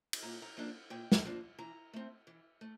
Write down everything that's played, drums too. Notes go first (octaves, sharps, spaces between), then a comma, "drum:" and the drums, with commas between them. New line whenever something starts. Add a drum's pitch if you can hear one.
drum: cymbal
A#2 A#5
A#5
F3 A#3 D4
A#2 G5
drum: snare
F3 A#3 D4
E3 A#5
A3 C4
E3
A3